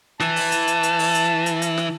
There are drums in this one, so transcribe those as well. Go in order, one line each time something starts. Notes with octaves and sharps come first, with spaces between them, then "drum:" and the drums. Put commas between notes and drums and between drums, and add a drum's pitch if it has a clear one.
E3 A5, drum: snare
drum: open hi-hat
drum: hi-hat
drum: hi-hat
drum: hi-hat
drum: open hi-hat
drum: hi-hat
drum: hi-hat
drum: hi-hat
drum: snare